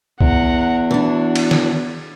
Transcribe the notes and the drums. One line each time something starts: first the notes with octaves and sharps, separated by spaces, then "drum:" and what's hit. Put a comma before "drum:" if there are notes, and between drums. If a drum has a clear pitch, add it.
E2 F#5 A#5, drum: kick
E3 D4 F#4
drum: cymbal
drum: snare